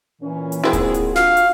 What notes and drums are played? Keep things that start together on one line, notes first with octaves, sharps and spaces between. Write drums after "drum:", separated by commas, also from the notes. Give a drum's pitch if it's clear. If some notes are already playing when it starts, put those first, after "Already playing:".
A#2 E3 C#4
drum: hi-hat
A#2 G#3 C4 E4 F#4 G#4
drum: kick D1, hi-hat
drum: hi-hat
D4 F4 F#4 F5, drum: snare
drum: hi-hat